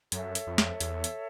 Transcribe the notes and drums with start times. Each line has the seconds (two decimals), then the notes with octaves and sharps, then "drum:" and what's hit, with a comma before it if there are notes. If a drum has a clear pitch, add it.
0.12 F#2 A4 C#5 E5, drum: hi-hat
0.35 drum: hi-hat
0.47 F2
0.58 drum: snare
0.80 E2, drum: hi-hat
1.04 drum: hi-hat